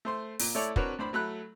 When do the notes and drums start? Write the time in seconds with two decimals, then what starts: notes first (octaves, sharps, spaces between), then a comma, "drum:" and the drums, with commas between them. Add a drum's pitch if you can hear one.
0.05 A3 C5 C6
0.40 A#2, drum: open hi-hat
0.55 A3 E4 A4 C#5 D5
0.76 C4 D4 F#4 A#4 B4 C#5, drum: kick
0.99 A2 D4 C5 D5 B5
1.13 F#3 A3 B5 F#6